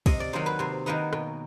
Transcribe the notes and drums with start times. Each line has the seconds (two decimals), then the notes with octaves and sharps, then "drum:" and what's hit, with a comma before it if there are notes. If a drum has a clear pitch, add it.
0.06 C3 D#5, drum: kick, cymbal
0.20 D5
0.33 D#3 F#3 A#3 D#4 C5
0.46 B4
0.59 C3 C5
0.86 D#3 F#3 A#3 D#4 B4
1.13 B2, drum: rim click